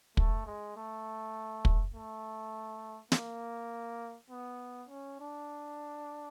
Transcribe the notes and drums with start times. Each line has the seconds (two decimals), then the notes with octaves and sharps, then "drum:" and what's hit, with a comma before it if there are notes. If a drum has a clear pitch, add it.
0.17 A3, drum: kick
0.46 G#3
0.76 A3
1.65 drum: kick
1.94 A3
3.12 A#3, drum: snare
4.30 B3
4.89 C#4
5.19 D4